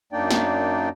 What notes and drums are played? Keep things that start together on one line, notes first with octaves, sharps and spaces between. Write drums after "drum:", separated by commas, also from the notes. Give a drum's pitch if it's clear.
F#2 A#3 D4 D#4 D5 G5
drum: snare